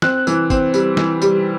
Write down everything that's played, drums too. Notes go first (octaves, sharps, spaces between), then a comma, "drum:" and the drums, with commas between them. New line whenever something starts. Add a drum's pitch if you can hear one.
C4 F#6, drum: snare
E3, drum: tambourine
C4, drum: kick, tambourine
G3, drum: tambourine
E3, drum: snare
G3, drum: tambourine